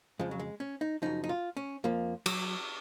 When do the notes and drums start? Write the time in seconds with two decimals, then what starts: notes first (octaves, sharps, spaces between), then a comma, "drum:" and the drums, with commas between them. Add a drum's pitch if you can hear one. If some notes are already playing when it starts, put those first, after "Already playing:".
0.19 F2 C#3 F3 G#3
0.31 F#3
0.39 G#3
0.60 C#4
0.81 D#4
1.02 F#2 C#3 F3 D#4
1.24 D#4
1.29 F4
1.57 C#4
1.84 F2 F3 A#3
2.26 F#3, drum: cymbal